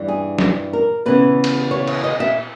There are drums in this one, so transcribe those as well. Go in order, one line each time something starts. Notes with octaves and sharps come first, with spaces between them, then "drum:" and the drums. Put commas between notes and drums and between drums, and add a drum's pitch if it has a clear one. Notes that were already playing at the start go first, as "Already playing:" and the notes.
Already playing: G2 E3
G#4
drum: snare
A#4
E2 C#3 E3 B4
drum: cymbal
C#5
drum: cymbal
D#5
E5